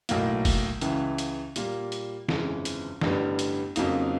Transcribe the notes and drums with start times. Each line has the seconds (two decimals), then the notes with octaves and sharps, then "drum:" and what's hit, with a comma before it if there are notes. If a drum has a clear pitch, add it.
0.09 B1 A2 F#3 A#3, drum: hi-hat
0.45 drum: kick, open hi-hat
0.81 C#2 C#3 E3, drum: hi-hat
1.18 drum: hi-hat
1.56 A#2 G3 A#3, drum: hi-hat
1.92 drum: hi-hat
2.29 G1 F2 C#3 E3 G#3, drum: snare
2.65 drum: hi-hat
3.01 A1 G2 D3 G3 B3, drum: snare
3.39 drum: hi-hat
3.76 F2 C#3 F#3 A#3 D#4, drum: hi-hat